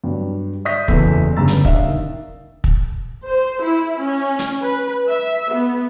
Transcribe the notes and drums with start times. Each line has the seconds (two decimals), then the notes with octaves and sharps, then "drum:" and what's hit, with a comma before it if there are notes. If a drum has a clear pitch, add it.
0.04 G2 F#3 G3
0.65 D5 E5 D#6 G6 A#6 B6
0.88 F#1 E2 E3 A4 E6 B6, drum: kick
1.36 G1 G2 C#3 A#5 E6 A6
1.48 drum: hi-hat
1.65 D4 E5 F5, drum: kick
1.86 D#3
2.64 drum: kick
3.25 C5
3.63 E4
4.02 C#4
4.39 drum: hi-hat
4.60 B4
5.07 E5
5.52 B3